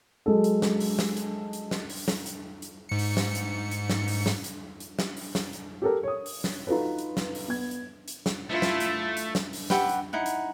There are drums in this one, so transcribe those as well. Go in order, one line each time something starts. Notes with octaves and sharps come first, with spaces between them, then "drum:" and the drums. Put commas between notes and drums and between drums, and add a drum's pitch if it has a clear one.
F#3 G#3 A4
drum: hi-hat
drum: snare
drum: open hi-hat
drum: snare
drum: hi-hat
drum: hi-hat
drum: snare
drum: open hi-hat
drum: snare
drum: hi-hat
drum: hi-hat
G#2 C#7
drum: open hi-hat
drum: snare
drum: hi-hat
drum: hi-hat
drum: snare
drum: open hi-hat
drum: snare
drum: hi-hat
drum: hi-hat
drum: snare
drum: open hi-hat
drum: snare
drum: hi-hat
G4 A4 A#4
C#5 D#6
drum: open hi-hat
drum: snare
D#4 F4 F#4 A4 B4
drum: hi-hat
drum: snare
drum: open hi-hat
B3 G#6
drum: hi-hat
drum: hi-hat
drum: snare
A3 E4 F4
drum: snare
drum: hi-hat
drum: hi-hat
drum: snare
drum: open hi-hat
G4 B4 E5 F#5, drum: snare
drum: hi-hat
D#4 E4 F#5
drum: hi-hat